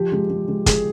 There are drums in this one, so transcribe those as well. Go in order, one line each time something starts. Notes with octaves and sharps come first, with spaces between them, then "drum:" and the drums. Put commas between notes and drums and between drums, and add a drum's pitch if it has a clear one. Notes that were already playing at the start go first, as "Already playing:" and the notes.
Already playing: F3 G4
G#3
G#3
G#3
G#3 G#4, drum: kick, hi-hat